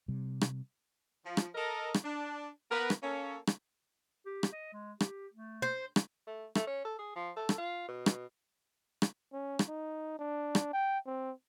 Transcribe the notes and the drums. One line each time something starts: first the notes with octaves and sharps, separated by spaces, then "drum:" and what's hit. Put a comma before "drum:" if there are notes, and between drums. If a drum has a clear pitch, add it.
C3 G3
drum: rim click
F3
drum: rim click
A4 A#4 D#5
drum: rim click
D4
B3 A#4 B4
drum: rim click
A#3 C#4 A4
drum: rim click
G4
drum: rim click
D#5
G#3
G4, drum: rim click
A3
C5
drum: rim click
A3
A3, drum: rim click
C#4
A4
G#4
F3
A4
drum: rim click
F4
B2
drum: rim click
drum: rim click
C#4
drum: rim click
D#4
D4
drum: rim click
G5
C4